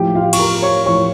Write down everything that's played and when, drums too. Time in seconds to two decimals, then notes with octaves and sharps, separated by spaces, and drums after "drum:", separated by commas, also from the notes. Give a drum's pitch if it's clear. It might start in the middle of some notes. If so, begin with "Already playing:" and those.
Already playing: A2 F3 G4 G5
0.15 F4 F5
0.33 C#6, drum: cymbal
0.39 A#4 A#5
0.62 C#5 C#6
0.86 A2 F3 C#5 C#6